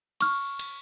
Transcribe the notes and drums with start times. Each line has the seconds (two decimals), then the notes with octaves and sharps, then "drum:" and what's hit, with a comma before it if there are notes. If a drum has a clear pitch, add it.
0.21 C#6 F6, drum: cymbal
0.59 drum: cymbal